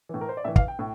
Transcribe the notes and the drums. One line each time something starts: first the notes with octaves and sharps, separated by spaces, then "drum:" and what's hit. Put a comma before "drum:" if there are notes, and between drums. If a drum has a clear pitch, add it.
A2 E3
A#4
C5
D5
A2 E3 E5
F5, drum: kick
G5
A2